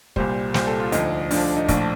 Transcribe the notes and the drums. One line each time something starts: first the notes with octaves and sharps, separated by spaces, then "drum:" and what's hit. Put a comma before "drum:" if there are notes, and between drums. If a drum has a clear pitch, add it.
C2 A#2 G3 C5, drum: kick
C2 A#2 G3 C5, drum: snare
A4
F4
D2 D3 F3 D#4, drum: hi-hat
D2 D3 F3 D4, drum: open hi-hat
D#4
A#1 A2 F3 D4, drum: kick, hi-hat